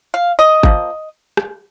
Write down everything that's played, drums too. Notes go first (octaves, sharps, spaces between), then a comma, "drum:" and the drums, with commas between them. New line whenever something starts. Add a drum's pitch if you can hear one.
F5
D#5
F3 A#3, drum: kick G#1
drum: rim click